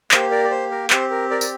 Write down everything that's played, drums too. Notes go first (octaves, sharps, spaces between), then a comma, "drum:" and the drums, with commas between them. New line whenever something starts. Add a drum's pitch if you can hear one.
A#3 G4 C5, drum: clap
A#4 D5
D5
C5
A#4
C4 G4 C5, drum: clap
A#4
A#4 D5
D5, drum: tambourine